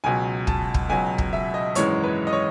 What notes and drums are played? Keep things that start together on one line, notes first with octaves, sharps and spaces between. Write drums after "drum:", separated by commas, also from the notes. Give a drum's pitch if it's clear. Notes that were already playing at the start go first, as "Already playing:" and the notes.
C#2 B2 F#3 G#5
A5, drum: kick
drum: kick
C#2 B2 F#3 G#5
drum: kick
E5
D#5
G#1 F#2 E3 G#3 C#5, drum: hi-hat
B4
D#5
C#5